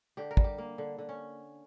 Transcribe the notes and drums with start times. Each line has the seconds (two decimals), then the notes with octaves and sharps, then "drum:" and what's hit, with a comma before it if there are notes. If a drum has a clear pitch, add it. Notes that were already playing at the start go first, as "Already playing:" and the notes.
0.17 D3 G4
0.31 A#4
0.37 G3, drum: kick
0.44 G4
0.58 A#3
0.78 D3
0.98 D3
1.09 C#4